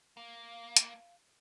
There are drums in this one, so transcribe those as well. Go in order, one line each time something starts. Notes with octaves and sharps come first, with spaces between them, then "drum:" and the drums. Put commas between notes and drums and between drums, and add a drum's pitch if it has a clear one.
A#3 F5
drum: hi-hat